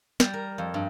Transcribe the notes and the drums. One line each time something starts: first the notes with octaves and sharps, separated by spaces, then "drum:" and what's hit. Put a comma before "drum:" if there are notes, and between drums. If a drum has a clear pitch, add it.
G3, drum: snare
A#4
F2
G2